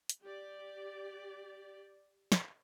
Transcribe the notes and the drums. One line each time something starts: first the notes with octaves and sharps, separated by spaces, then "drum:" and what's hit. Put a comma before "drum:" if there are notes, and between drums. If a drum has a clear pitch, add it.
drum: hi-hat
G4 D5
drum: snare